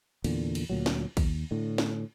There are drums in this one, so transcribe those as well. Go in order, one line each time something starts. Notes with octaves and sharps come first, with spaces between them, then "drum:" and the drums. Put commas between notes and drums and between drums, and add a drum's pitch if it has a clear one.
E2 A#2 D3, drum: cymbal
drum: cymbal
D2 A#2 F#3
drum: snare
D#2, drum: kick, cymbal
A2 D3
drum: snare